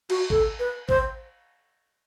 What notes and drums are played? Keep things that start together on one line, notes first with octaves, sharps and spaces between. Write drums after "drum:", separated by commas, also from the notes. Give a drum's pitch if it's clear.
F#4, drum: cymbal
A4, drum: kick
B4
C5, drum: kick